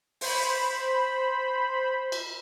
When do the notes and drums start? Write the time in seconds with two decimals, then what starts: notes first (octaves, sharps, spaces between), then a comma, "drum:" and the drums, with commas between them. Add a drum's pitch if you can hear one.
0.21 C5 B5, drum: open hi-hat
2.12 drum: cymbal